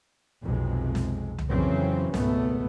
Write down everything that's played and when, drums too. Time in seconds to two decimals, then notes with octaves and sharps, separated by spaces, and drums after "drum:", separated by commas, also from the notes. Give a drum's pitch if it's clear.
0.42 B1 F2 C3 G#3
0.95 drum: snare
1.39 drum: tom
1.49 F2 C#3 E3 F#3 C4 C#4
2.14 G#1 C#2 B2 A3 B3, drum: snare